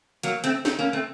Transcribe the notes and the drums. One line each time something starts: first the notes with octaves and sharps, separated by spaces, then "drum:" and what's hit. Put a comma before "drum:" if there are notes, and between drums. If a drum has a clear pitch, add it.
F#3 A#3, drum: hi-hat
A3 C4, drum: hi-hat
C4 D#4, drum: snare
A#3 C#4
A3 C4